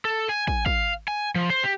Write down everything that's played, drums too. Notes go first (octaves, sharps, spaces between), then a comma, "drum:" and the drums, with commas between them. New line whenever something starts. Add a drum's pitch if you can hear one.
A4
G#5
G#5, drum: kick
F5, drum: kick
G#5
F3
C5
G4